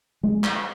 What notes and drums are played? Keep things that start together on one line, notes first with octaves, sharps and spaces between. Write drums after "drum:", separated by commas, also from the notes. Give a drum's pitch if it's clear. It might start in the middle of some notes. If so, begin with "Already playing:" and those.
G#3
drum: clap